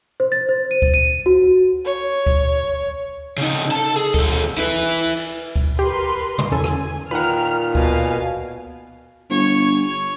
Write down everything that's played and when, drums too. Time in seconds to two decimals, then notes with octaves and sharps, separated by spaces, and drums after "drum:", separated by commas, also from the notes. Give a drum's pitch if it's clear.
0.20 C5
0.32 A6
0.49 C5
0.71 D#7
0.82 drum: kick D2
0.94 D#7
1.26 F#4
1.85 C#5
2.27 drum: kick D2
3.37 C#3 D#4, drum: cymbal
3.71 A4 A5, drum: cymbal
3.96 G#4
4.14 D#2 A4, drum: kick D2
4.58 E4 B4
5.16 drum: cymbal
5.56 drum: kick D2
5.79 G4 A#4 B4 C6
6.38 drum: tom
6.52 E2 C#4 A4 G#5
6.64 drum: rim click
7.11 A#2 D#3 B4 F#5 F6
7.75 B2 F5 G#5, drum: kick D2
9.30 G1 C#5